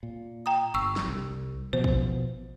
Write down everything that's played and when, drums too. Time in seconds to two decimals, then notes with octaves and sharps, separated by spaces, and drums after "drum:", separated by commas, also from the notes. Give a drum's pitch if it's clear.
0.03 A#2
0.46 G5 A#5 D#6
0.74 G1 C#6 E6
0.96 drum: snare
1.08 C2
1.73 B2 F3 B3 C5
1.84 drum: kick